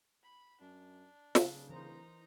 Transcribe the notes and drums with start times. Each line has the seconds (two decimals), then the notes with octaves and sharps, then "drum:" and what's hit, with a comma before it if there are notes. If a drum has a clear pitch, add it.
0.23 B5
0.61 F#2 D4
1.35 D1 C#3, drum: snare
1.69 E3 D#4 A#4 C5 A#5